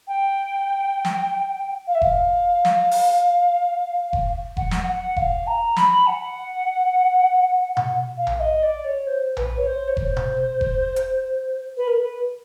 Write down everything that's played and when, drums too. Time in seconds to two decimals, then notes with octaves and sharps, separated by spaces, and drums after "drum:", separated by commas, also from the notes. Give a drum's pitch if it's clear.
0.07 G5
1.05 drum: snare
1.87 F5
1.94 E5
2.02 F5, drum: kick F1
2.65 drum: snare
2.91 drum: open hi-hat
4.13 drum: kick F1
4.57 F#5, drum: kick F1
4.71 drum: snare
4.87 F#5
5.16 F5, drum: kick F1
5.47 A#5
5.76 B5, drum: snare
6.07 F#5
7.77 drum: tom B2
8.17 F5
8.27 drum: tom A#1
8.39 D#5
8.62 D5
8.84 C#5
9.06 C5
9.37 B4, drum: tom A#1
9.57 C#5
9.66 C5
9.87 C#5
9.97 C5, drum: kick F1
10.17 drum: tom B2
10.61 drum: kick F1
10.96 drum: hi-hat
11.76 B4
11.87 A#4
11.98 B4